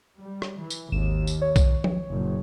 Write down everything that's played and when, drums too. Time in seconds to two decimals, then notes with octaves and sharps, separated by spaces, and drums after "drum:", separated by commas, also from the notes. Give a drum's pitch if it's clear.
0.20 G3
0.42 drum: rim click
0.58 E3
0.70 drum: tambourine
0.92 G#1 D#2 E7
1.27 drum: tambourine
1.42 C#5
1.56 drum: kick B1, tambourine
1.84 drum: tom F3
2.09 F#1 A#2